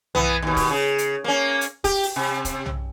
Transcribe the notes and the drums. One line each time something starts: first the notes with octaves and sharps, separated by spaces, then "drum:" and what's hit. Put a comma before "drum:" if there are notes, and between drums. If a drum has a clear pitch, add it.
E3 B3, drum: tom
D#2 B2
drum: kick, open hi-hat
C#3
drum: hi-hat
A#3 C#4
drum: hi-hat
G4, drum: kick, open hi-hat
drum: open hi-hat
C3
drum: kick, hi-hat
drum: tom